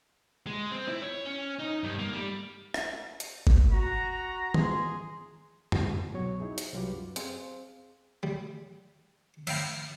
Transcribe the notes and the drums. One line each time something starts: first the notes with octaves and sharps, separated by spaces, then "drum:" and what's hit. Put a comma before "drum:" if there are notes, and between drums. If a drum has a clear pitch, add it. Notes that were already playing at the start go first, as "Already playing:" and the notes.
G#3
C4
E4
C#5
C#4
D#4
G2
A#3
G3
drum: rim click
drum: hi-hat
drum: kick G1
F#4 A#5
G#4 C6, drum: tom D#3
drum: tom F2
C2 B2 F#3 C#5 C#6
D#4 E4 G#4
drum: hi-hat
C2 F#3 F4 G4 B4 D6
F#2
C4 G#4 C5 F5, drum: hi-hat
G3
E5 F5 G5 A#5, drum: cymbal